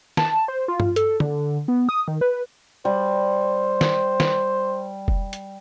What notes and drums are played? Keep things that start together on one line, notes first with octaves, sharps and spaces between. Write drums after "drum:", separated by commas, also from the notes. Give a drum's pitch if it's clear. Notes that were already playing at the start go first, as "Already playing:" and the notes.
A5, drum: snare
C5
F4
drum: tom G2
A4, drum: hi-hat
D3, drum: tom D3
B3
D#6
D#3
B4
G3 C5
drum: snare
drum: snare
drum: kick F1
drum: hi-hat